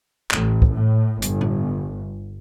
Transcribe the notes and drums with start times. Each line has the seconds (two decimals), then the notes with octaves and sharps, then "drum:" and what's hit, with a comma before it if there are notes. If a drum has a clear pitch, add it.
0.31 A1, drum: clap
0.62 drum: kick
0.75 A2
1.22 G1, drum: hi-hat
1.41 drum: tom A2